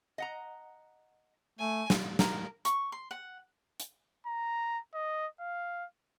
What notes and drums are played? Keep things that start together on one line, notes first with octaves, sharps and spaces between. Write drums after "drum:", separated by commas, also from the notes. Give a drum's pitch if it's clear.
D#5 F#5 A#5
A3 G#5
drum: snare
A#4, drum: snare
C#6, drum: hi-hat
C6
F#5
drum: hi-hat
A#5
D#5
F5